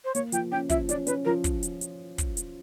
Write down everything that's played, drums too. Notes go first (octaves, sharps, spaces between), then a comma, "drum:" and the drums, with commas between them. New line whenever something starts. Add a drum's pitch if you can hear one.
C5
A#3 C#5, drum: hi-hat
F3 G5, drum: hi-hat
C#4 G5
F3 E5, drum: kick, hi-hat
C#4 D5, drum: hi-hat
C#4 B4, drum: hi-hat
F3 A#4
drum: kick, hi-hat
drum: hi-hat
drum: hi-hat
drum: kick, hi-hat
drum: hi-hat